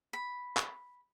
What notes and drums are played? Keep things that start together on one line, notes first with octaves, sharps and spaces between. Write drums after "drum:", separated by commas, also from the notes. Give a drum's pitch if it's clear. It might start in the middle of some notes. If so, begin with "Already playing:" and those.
B5
drum: clap